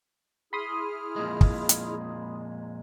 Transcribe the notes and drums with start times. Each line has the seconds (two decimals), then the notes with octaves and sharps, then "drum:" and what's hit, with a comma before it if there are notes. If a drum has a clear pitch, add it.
0.53 E4 G#4 B5 C6 D#6 F6
1.16 F2 A#2 G#3
1.41 drum: kick
1.69 drum: hi-hat